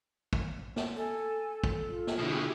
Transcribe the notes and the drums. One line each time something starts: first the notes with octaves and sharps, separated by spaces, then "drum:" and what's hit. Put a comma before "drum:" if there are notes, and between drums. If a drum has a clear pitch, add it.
drum: kick
drum: snare
A4 G#5
drum: kick
F4
drum: snare
B2 D3 E4 G4 G#4